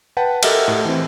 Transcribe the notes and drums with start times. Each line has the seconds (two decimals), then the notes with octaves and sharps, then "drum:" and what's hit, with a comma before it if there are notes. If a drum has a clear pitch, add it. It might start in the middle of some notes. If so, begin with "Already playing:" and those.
0.17 B4 F#5 G5 A5
0.43 G4 A4 A#4 D#5 E5 F#5, drum: cymbal
0.68 A2
0.85 E3 C4